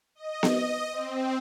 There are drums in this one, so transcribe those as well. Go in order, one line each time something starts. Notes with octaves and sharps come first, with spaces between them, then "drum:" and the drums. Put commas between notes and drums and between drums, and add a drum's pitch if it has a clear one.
D#5
drum: snare B3
C4